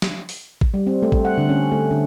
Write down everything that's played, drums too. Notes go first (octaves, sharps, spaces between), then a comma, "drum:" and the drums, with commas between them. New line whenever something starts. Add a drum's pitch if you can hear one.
drum: snare
drum: open hi-hat
drum: kick
G3
C4
A3
drum: kick
F#5
D3
C#4
A3
D3